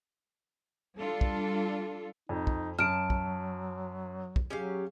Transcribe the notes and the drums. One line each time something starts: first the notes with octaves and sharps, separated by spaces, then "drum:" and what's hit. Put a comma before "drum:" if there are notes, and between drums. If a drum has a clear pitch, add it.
G3 D4 F4 A4
drum: kick
F2 D#4
drum: kick
F#2 F#3 A5 F6 D7
drum: kick
drum: kick
F#3 C#4 G4 G#4 F5